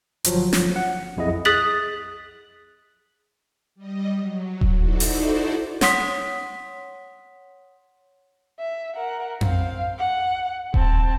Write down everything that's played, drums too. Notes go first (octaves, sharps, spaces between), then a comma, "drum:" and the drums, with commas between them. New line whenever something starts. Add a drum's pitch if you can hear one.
G1 F3 F#3, drum: hi-hat
drum: snare
F#5
B1 F2 E4 G#4 D#5
G#4 D#6 F#6 A6 B6 F#7
G3 D#5
F#3
drum: kick D#1
D#4 E4 F#4 A4 C5 D5
drum: open hi-hat
C#5 F#5 C6 D#6 B6, drum: snare
E5
A#4 F#5
C4 F5, drum: tom F2
F#5
C4 A5, drum: kick D#1